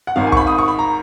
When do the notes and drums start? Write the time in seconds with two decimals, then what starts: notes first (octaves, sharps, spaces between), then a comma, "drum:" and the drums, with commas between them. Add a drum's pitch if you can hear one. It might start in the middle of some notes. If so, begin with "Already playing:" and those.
0.07 F#5
0.16 G#1 G#2 D#3 F5
0.27 G#5
0.32 C#6, drum: kick
0.37 B5
0.47 D#6
0.58 C#6
0.68 B5
0.79 A#5